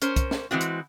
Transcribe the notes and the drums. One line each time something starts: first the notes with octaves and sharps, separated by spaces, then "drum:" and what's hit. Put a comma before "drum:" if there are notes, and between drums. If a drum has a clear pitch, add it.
C#4 A#4 C5, drum: hi-hat
drum: kick, hi-hat
drum: snare
E3 G#3 C4 F#4
drum: hi-hat